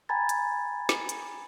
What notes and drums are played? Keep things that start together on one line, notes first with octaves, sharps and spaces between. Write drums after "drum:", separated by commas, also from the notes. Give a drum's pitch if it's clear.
G5 G#5 A#5 B5 G#6 A6
drum: hi-hat
drum: snare
drum: hi-hat